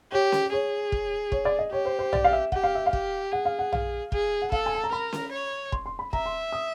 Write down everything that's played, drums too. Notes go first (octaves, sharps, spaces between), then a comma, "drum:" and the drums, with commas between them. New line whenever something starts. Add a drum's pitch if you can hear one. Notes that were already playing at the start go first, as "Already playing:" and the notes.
G4 C#5
drum: snare C#4
G#4 C#5
drum: kick
C#5, drum: kick
D5
D#5
G4 C#5
C5
C5
D5, drum: tom A#1
F5
E5
G4 F#5, drum: kick
F5
E5
F5
G4, drum: kick
G#4 F#5
F5
F#5
F5, drum: tom A#1
G#4, drum: kick
F#5
A4 F5, drum: kick
G#5
A5
A#5
A#4 B5
drum: snare C#4
C#5
C6, drum: kick
C6
B5
E5 A#5, drum: kick
C6
D#6